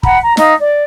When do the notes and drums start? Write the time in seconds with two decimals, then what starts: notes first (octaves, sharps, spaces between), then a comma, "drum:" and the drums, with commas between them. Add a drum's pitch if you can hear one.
0.03 F#5 A#5 B5, drum: kick
0.21 A#5
0.37 D#4 F5, drum: snare
0.59 D5